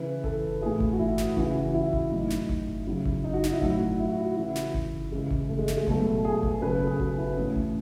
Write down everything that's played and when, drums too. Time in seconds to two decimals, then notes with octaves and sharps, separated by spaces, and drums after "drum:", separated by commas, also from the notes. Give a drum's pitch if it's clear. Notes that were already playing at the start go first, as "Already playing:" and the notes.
Already playing: C#3 E3 B4
0.24 A4, drum: kick G1
0.61 A2 E3 G#4
0.80 drum: kick G1
0.93 F#4
0.99 E4
1.18 drum: snare
1.37 C#3 E3 F#4, drum: kick G1
1.74 E4
1.93 drum: kick G1
2.12 A2 F#3 D#4
2.30 D#4, drum: snare
2.49 drum: kick G1
2.87 C#3 F#3 E4
3.05 drum: kick G1
3.24 D#4
3.33 F#4
3.44 D#4, drum: snare
3.52 E4
3.62 A2 F#3 F#4, drum: kick G1
3.99 E4
4.12 F#4
4.24 F#4
4.37 C#3 E3 E4
4.56 drum: snare
4.74 drum: kick G1
5.12 C#3 E3 G#3
5.31 drum: kick G1
5.49 A3
5.58 G#3
5.68 A3, drum: snare
5.77 G#3
5.87 B2 F#3 A3, drum: kick G1
6.25 G#4
6.43 drum: kick G1
6.61 C#3 F#3 B4
6.74 A4
6.87 G#4
7.00 F#4, drum: kick G1
7.18 E4
7.37 A2 E3 C#4
7.56 drum: kick G1